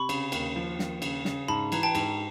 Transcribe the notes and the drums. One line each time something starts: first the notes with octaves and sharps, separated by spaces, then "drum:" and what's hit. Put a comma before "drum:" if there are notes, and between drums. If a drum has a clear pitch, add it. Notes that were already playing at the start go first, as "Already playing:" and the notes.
Already playing: C3 B5 C#6
C#3, drum: cymbal
D#2, drum: cymbal
F3
D#2, drum: snare
C#3, drum: cymbal
C#3, drum: snare
G#2 A5 B5
E3 A#5, drum: cymbal
G5 A5
G#2, drum: cymbal